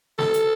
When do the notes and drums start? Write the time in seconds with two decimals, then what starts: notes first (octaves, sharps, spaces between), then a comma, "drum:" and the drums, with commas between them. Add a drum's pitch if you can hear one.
0.19 A4, drum: snare
0.34 drum: hi-hat